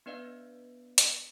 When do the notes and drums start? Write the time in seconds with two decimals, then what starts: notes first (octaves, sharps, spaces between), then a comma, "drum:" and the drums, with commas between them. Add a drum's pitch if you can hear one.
0.06 B3 D4 B4 D5 D#5 F5
0.98 drum: hi-hat